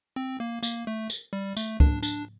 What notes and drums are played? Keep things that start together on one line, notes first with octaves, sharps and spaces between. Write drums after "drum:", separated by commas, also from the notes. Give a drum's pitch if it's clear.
C4
A#3
A#3, drum: tambourine
A3
drum: tambourine
G3
A3, drum: tambourine
D4, drum: kick
D4, drum: tambourine